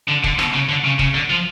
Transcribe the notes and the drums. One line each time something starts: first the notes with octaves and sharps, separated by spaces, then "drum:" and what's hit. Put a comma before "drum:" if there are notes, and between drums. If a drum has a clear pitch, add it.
D3
D3, drum: kick
B2, drum: rim click
C#3
D3
C#3
C#3, drum: kick
D3
F3